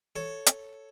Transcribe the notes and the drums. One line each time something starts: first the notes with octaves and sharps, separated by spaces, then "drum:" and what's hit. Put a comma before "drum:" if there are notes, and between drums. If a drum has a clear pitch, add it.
A4 C#5
drum: hi-hat